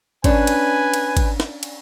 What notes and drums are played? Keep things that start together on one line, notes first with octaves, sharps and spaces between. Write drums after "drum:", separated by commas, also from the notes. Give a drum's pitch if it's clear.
C#4 D4 B4 G#5, drum: kick G#1, cymbal
drum: cymbal
drum: cymbal
drum: kick G#1, cymbal
drum: snare
drum: cymbal